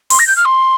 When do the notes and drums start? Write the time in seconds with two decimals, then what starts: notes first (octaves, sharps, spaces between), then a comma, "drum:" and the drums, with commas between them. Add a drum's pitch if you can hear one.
0.10 C6, drum: open hi-hat
0.19 A#6
0.27 G6
0.36 F6
0.45 C6